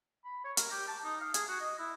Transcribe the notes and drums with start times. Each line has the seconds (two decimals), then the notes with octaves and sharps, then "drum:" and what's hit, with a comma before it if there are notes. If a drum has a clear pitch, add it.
0.25 B5
0.45 C#5
0.57 A#4, drum: hi-hat
0.71 G4
0.88 A5
1.04 D#4
1.21 F5
1.34 G#4, drum: hi-hat
1.49 F#4
1.61 D#5
1.79 E4